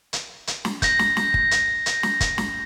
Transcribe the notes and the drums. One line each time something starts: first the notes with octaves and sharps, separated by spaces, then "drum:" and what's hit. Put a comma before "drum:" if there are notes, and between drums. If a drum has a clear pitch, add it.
drum: hi-hat
drum: hi-hat
drum: snare
G6 A#6, drum: kick, hi-hat
drum: snare
drum: snare
drum: kick
drum: hi-hat
drum: hi-hat
drum: snare
drum: kick, hi-hat
drum: snare